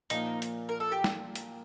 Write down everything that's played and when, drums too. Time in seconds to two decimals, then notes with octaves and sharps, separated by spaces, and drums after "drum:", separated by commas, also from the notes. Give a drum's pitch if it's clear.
0.10 A#2 F3 A#3 D#4, drum: hi-hat
0.42 drum: hi-hat
0.69 A#4
0.80 A4
0.92 G4
1.04 drum: snare
1.35 drum: hi-hat